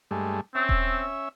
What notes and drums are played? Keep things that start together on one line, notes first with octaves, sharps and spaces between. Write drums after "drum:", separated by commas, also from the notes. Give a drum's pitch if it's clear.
G2 G#3 A3
C4 C#4 E5
drum: kick D#1